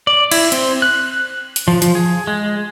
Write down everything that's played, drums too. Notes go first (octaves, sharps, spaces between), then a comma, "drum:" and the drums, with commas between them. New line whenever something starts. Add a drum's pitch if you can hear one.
D5
E4, drum: cymbal
C4, drum: hi-hat
F#6
drum: hi-hat
F3
F3, drum: hi-hat
G#4
G#3